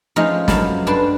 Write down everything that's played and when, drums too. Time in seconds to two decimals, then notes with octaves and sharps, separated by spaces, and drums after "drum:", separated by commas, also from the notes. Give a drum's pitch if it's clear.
0.16 F3 G#3 A3 C#4 D#4 F4
0.48 F#2 F5 A5 B5, drum: snare
0.87 G2 D4 B4 A5 C6